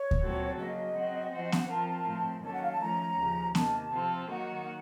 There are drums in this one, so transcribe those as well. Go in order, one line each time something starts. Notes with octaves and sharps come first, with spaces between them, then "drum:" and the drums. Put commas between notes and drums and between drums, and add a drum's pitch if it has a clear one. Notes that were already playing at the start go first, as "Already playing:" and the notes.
Already playing: C#5
drum: kick D2
A#2 F#3 C4 F#4 A4
C#3 F#3 A#3 D#5
F#3 C4 F#4
F3 C4 F#4 C5
D#5
F5, drum: snare B3
F#5
F3 C4 F4 A#4 A5
A2 F3 C4
D#3 F#3 A#3 C#4 A4 A5
F#5
F5
A5
F3 A3 C#4 A#5
D#2 C#3 F3
C3 D#3 A#3 A5, drum: snare B3
C3 F3 C4 F4 A4
D#3 F#3 A#3 D#4 F#4 F#5